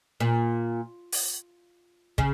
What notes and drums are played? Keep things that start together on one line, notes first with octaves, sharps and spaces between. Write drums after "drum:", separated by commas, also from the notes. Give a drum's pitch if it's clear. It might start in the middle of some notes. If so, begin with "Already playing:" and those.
A#2
drum: open hi-hat
C#3, drum: kick